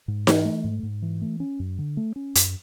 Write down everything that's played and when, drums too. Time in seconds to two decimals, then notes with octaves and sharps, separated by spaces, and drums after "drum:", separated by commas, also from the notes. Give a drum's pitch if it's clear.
0.08 G#2
0.27 E3, drum: snare D#4
0.45 A3
0.64 G#2
0.83 G#2
1.02 E3
1.22 A3
1.40 C#4
1.60 F#2
1.79 D3
1.97 A3
2.16 C#4
2.35 F#2, drum: hi-hat